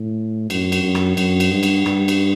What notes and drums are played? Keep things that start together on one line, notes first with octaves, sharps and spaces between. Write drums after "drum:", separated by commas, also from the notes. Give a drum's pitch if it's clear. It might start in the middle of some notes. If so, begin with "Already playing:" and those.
Already playing: A2
F#2, drum: cymbal
drum: cymbal
F#2
drum: rim click
F#2, drum: cymbal
drum: cymbal
G2
drum: cymbal
G2, drum: rim click
drum: cymbal